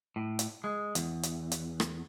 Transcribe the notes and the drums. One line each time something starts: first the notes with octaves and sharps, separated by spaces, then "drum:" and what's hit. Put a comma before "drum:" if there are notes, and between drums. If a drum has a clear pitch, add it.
A2
drum: hi-hat
G#3
E2, drum: hi-hat
drum: hi-hat
drum: hi-hat
drum: rim click